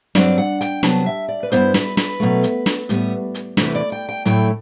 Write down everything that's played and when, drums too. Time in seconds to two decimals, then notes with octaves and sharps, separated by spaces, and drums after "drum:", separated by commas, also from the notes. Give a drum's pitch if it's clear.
0.15 G2 F#3 C4 D5, drum: snare
0.38 F#5
0.61 G5, drum: hi-hat
0.83 C3 F#3 B3 A5, drum: snare
1.06 E5
1.28 D5
1.43 B4
1.52 G2 E3 B3 E4 C5, drum: hi-hat
1.74 B4, drum: snare
1.97 B4, drum: snare
2.20 B2 F#3 A3
2.43 drum: hi-hat
2.66 drum: snare
2.89 A2 G3 B3, drum: hi-hat
3.35 drum: hi-hat
3.57 E2 C3 E3 A3 B4, drum: snare
3.75 D5
3.92 G5
4.09 G5
4.25 A2 F#3 A3 E4 G5, drum: hi-hat